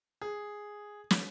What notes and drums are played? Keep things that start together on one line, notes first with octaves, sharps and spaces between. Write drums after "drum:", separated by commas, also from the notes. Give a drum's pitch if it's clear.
G#4
drum: snare